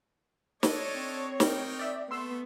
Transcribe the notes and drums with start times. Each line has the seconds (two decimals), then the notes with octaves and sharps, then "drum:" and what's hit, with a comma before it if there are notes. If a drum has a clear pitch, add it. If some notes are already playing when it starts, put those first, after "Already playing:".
0.63 D4 A4 C#5 D#5, drum: snare
0.95 C4
1.40 D#4 A#4 G5, drum: snare
1.79 D5 E5
2.11 A3 B3 C6 E6